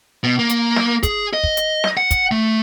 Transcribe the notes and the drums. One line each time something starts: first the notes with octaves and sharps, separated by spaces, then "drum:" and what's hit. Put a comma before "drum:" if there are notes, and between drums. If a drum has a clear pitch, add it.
B2
A#3
drum: hi-hat
drum: snare
G#4, drum: kick, hi-hat
D#5
drum: kick
drum: hi-hat
drum: snare
F#5
drum: kick, hi-hat
A3